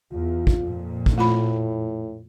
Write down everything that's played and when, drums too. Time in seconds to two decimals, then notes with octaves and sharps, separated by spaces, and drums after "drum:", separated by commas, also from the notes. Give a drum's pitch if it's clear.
0.12 E2 F4
0.47 drum: kick
0.63 F2 A#2
1.06 drum: kick
1.18 A2 A3 F4 B5